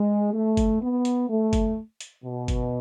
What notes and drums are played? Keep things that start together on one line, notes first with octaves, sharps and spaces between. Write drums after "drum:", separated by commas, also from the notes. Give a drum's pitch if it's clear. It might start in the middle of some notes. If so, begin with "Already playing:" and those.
Already playing: G#3
A3
drum: kick G1, hi-hat
B3
drum: hi-hat
A3
drum: kick G1, hi-hat
drum: hi-hat
B2
drum: kick G1, hi-hat